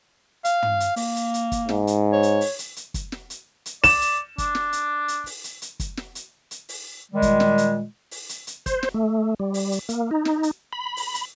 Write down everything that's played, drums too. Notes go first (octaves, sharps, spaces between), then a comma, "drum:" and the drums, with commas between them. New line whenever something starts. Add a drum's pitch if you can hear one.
F5, drum: hi-hat
drum: tom
drum: hi-hat
A#3, drum: open hi-hat
drum: hi-hat
drum: hi-hat
drum: kick, hi-hat
G#2, drum: snare
drum: hi-hat
C#5
drum: hi-hat
drum: open hi-hat
drum: hi-hat
drum: hi-hat
drum: kick, hi-hat
drum: snare
drum: hi-hat
drum: hi-hat
D5 E7, drum: open hi-hat
drum: hi-hat
D4, drum: kick, hi-hat
drum: snare
drum: hi-hat
drum: hi-hat
drum: open hi-hat
drum: hi-hat
drum: hi-hat
drum: kick, hi-hat
drum: snare
drum: hi-hat
drum: hi-hat
drum: open hi-hat
A#2 D#3 G3 G#3
drum: kick, hi-hat
drum: snare
drum: hi-hat
drum: open hi-hat
drum: hi-hat
drum: hi-hat
C5, drum: kick, hi-hat
drum: snare
A3
G3
drum: open hi-hat
drum: hi-hat
A#3, drum: hi-hat
D#4
drum: snare
drum: hi-hat
B5
drum: open hi-hat
drum: hi-hat